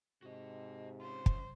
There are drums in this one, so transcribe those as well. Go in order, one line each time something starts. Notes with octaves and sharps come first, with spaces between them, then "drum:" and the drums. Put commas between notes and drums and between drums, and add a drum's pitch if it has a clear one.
G#2 C3 F#4 D#5
C#4 F4 C5
drum: kick